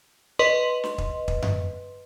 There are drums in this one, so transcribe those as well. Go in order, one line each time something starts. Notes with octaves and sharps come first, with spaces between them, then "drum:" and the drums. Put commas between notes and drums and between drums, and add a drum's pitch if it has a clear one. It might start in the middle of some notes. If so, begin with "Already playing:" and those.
B4 D#5 C6
drum: snare
drum: kick
drum: kick
drum: tom F#2